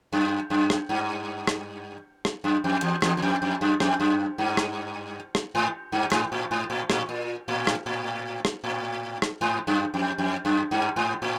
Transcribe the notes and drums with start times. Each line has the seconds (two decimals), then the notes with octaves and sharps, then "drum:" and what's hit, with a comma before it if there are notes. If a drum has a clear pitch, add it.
0.12 F#2
0.50 F#2
0.70 drum: rim click
0.89 G2
1.47 drum: rim click
2.25 drum: rim click
2.44 F#2
2.64 F2
2.82 E2
3.02 E2, drum: rim click
3.17 E2
3.22 F2
3.42 F2
3.61 F#2
3.80 F2, drum: rim click
4.00 F#2
4.38 G2
4.57 drum: rim click
5.35 drum: rim click
5.55 G#2
5.92 G2
6.12 G#2, drum: rim click
6.32 A2
6.51 G#2
6.70 A2
6.90 A2, drum: rim click
7.09 A#2
7.48 A2
7.67 drum: rim click
7.86 A2
8.45 drum: rim click
8.64 A2
9.22 drum: rim click
9.41 G#2
9.67 F#2
9.94 F2
10.18 F2
10.45 F#2
10.71 G2
10.96 G#2
11.22 A2